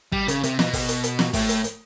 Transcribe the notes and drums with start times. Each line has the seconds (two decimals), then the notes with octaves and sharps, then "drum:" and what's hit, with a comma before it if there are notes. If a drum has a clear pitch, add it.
0.12 G3, drum: kick
0.28 C#3, drum: hi-hat
0.43 C3, drum: hi-hat
0.59 B2, drum: snare
0.73 drum: kick, open hi-hat
0.88 drum: hi-hat
1.04 drum: hi-hat
1.19 drum: snare
1.33 A2, drum: kick, open hi-hat
1.49 drum: hi-hat
1.64 drum: hi-hat